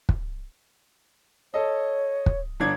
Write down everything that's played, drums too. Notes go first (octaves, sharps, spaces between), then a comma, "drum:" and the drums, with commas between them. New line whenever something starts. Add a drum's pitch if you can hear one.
drum: kick
A4 C#5 D#5
drum: kick
G1 D4 G#6